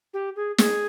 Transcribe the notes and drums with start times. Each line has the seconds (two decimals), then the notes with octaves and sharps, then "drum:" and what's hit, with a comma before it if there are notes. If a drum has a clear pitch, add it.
0.13 G4
0.36 G#4
0.58 G#4, drum: snare